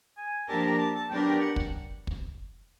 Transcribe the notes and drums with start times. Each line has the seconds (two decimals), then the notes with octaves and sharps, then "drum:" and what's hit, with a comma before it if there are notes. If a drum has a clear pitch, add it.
0.17 G#5
0.48 F3 A#3 D4 G4 A#4 A5
0.64 A#5
0.79 A5
0.94 A5
1.09 F#3 B3 D4 G4 A#4 G5
1.25 G5
1.40 F#5
1.56 F#5, drum: kick
2.07 drum: kick